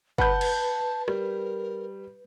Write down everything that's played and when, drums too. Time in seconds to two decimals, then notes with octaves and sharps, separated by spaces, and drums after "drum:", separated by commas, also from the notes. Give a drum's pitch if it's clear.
0.18 B4 F#5 A5 B5 G6, drum: kick G1
0.41 drum: cymbal
1.08 G3 A#4, drum: rim click